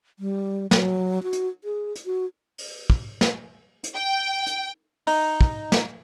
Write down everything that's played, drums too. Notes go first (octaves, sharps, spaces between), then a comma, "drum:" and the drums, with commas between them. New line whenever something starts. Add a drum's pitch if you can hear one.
G3
F#3, drum: snare
F#4
drum: hi-hat
G#4
drum: hi-hat
F#4
drum: open hi-hat
drum: kick
drum: snare
drum: hi-hat
G5
drum: hi-hat
D#4, drum: open hi-hat
drum: kick
drum: snare